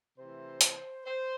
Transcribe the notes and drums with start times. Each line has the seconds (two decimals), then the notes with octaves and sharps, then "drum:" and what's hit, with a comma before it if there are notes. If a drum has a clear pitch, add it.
0.18 C3 E3 A3 C5
0.61 drum: hi-hat
1.04 C5